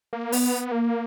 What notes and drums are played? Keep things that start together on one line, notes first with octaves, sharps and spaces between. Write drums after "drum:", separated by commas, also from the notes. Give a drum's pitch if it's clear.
A#3
B3, drum: open hi-hat
A#3